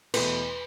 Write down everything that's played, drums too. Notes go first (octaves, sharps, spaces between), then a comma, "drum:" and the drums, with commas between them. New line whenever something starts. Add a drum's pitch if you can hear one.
E2 B2 A3 E4 B4, drum: cymbal